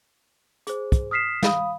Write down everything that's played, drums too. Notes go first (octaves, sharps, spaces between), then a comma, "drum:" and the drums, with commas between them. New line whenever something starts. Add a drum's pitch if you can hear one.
G#4 C5, drum: hi-hat
drum: kick, hi-hat
D#6 F6 B6 C7 E7
F5 B5 D#6, drum: snare